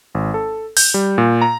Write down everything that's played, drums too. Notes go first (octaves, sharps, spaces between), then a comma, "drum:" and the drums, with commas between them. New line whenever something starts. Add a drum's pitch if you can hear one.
G#1
A4
G6, drum: open hi-hat
G3
A#2
A#5